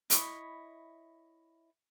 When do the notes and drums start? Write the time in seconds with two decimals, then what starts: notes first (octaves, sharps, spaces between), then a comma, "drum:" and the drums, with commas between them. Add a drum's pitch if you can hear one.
0.10 E4 C#5 D#5 B5, drum: hi-hat